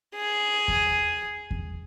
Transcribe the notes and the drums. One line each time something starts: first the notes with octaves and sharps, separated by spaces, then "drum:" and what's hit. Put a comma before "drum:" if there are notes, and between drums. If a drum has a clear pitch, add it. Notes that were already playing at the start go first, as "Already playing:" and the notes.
G#4
drum: kick E2
drum: kick E2